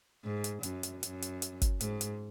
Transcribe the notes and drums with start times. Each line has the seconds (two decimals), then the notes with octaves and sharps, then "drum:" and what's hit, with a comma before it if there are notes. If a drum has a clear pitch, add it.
0.25 G#2
0.44 drum: hi-hat
0.63 F#2, drum: hi-hat
0.83 drum: hi-hat
1.03 F#2, drum: hi-hat
1.22 drum: hi-hat
1.42 drum: hi-hat
1.62 drum: kick, hi-hat
1.81 G#2, drum: hi-hat
2.01 drum: hi-hat